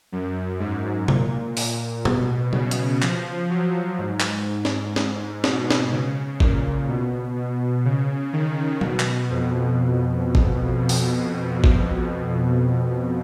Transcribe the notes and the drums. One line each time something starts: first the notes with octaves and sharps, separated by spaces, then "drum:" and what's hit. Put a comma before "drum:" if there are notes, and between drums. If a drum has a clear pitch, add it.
F#2
G#2
A#2, drum: tom C3
A#2, drum: open hi-hat
B2, drum: tom A2
C#3, drum: tom F#3
drum: hi-hat
F3, drum: clap
F#3
G#2
drum: clap
drum: snare
drum: snare
B2, drum: snare
drum: snare
C#3
A#2, drum: kick G#1
B2
B2
C#3
D#3
B2, drum: tom F#3
drum: clap
F2
drum: kick G#1
drum: open hi-hat
drum: kick G#1